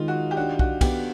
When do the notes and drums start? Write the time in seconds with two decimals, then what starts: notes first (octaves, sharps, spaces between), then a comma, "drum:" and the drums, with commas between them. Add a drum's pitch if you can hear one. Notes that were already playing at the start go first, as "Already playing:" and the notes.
Already playing: D#3 G#3 D#4 F4
0.08 F#4
0.31 G4
0.37 D4 F#4
0.59 F#4, drum: kick
0.81 B3 G4, drum: kick, cymbal